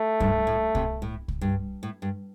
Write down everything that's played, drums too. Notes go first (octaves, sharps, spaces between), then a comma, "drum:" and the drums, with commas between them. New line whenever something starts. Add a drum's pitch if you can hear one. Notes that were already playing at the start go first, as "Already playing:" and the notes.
Already playing: A3
G2, drum: kick C2
A2
C3, drum: kick C2
A2
drum: kick C2
G2
A2
G2